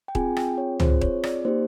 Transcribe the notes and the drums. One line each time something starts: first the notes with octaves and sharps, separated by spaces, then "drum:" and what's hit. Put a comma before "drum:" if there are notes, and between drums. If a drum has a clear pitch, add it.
G5
C4 F4 G#4 G#5, drum: kick D#1
G5, drum: rim click
C#5
C4 F4 G#4 C5, drum: tom C#2
C#5, drum: kick D#1
D5, drum: rim click
A#3 D#4 G4 C5